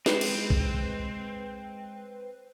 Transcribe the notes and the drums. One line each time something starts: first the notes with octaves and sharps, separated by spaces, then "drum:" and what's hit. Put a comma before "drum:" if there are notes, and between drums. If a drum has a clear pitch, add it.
G#3 C4 B4, drum: snare
drum: cymbal
drum: kick B1